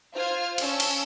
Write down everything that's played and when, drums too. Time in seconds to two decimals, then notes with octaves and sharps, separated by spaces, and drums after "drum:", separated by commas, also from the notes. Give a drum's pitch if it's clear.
0.14 F4 C5 F6 G#6
0.58 C#4 A5 E6, drum: cymbal
0.80 drum: cymbal